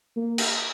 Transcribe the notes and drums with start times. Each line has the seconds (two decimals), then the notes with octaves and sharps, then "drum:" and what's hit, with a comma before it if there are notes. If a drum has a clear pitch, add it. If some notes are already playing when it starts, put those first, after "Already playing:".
0.16 A#3
0.38 drum: cymbal